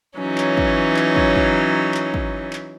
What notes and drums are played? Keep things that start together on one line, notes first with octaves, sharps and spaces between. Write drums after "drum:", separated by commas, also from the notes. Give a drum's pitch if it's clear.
E3 F#3 C#4 D#4
drum: clap
drum: kick
drum: clap
drum: kick
drum: kick
drum: clap
drum: kick
drum: clap